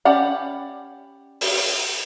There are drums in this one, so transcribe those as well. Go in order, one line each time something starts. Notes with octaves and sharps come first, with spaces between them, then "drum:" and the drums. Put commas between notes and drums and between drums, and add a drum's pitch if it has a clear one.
C#4 G4 D5 F#5 B5
drum: open hi-hat